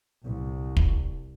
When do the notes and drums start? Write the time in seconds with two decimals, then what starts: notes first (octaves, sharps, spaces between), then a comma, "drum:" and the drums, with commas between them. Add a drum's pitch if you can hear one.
0.23 C2
0.77 drum: kick